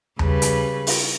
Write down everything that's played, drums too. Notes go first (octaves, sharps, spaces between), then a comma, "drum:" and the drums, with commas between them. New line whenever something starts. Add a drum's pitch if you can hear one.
C#3 G3 B4, drum: tom D#2
drum: hi-hat
drum: open hi-hat